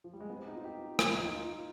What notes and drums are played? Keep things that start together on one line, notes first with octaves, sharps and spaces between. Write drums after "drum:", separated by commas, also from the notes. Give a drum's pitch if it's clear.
F3
G3
G#3
B3
C4
D#4
F4
G4
F4, drum: rim click
D#4
F4
F4